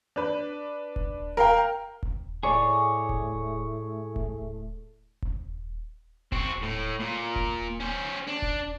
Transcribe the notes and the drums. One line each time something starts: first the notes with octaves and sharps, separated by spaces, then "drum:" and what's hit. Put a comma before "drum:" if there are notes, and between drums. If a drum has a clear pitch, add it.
D4 B4
drum: kick D#1
A#4 F5 G5
drum: kick D#1
A2 A3 G#4 C#5 D5 C#6
drum: kick D#1
drum: kick D#1
drum: kick D#1
C4 F#4, drum: kick D#1
A2
A#2
drum: kick D#1
C#4 C5
D4
drum: kick D#1